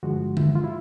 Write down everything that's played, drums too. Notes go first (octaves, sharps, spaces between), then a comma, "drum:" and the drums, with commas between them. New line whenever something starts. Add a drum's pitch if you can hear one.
G2 D3 F3 G#3 F#4
E4, drum: tom D3
F4
E4